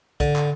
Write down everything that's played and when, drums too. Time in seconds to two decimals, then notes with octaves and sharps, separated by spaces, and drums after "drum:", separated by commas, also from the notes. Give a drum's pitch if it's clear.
0.20 D3, drum: kick, hi-hat
0.36 drum: clap